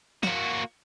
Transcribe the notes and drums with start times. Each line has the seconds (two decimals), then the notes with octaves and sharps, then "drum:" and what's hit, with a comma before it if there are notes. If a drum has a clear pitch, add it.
0.23 A#3 F#4, drum: snare